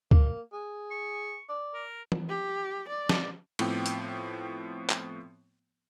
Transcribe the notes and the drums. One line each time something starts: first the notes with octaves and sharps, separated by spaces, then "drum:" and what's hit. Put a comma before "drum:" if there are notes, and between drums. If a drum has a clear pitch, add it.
A#3, drum: kick D2
G#4
C#6
D5
A#4
drum: tom E3
G4
D5
drum: snare
A2 F3 B3 C4 G5 D6, drum: cymbal
drum: hi-hat
drum: clap